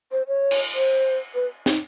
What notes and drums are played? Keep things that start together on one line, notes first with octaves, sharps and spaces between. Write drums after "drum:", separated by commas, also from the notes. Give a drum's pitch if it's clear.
C5
C#5
drum: cymbal
C5
B4
D#4, drum: snare